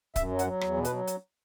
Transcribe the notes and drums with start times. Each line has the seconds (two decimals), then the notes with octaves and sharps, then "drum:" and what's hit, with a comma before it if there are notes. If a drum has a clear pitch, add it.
0.16 F#2 E5, drum: kick C#1, hi-hat
0.31 F#3
0.39 F#5, drum: hi-hat
0.46 F#3
0.61 E2, drum: rim click
0.77 B2
0.85 B4, drum: hi-hat
0.92 F#3
1.08 drum: hi-hat